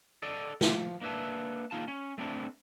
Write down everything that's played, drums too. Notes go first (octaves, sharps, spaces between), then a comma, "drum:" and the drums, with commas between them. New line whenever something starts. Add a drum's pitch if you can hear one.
A4 D5 D#5
F3, drum: snare
A#3 D4 B4 E5 A5
A#3 D#4 F4 A5
C#4
A3 C4 D4 E4